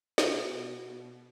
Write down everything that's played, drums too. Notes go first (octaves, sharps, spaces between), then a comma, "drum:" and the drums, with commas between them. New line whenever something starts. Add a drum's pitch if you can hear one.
B2, drum: snare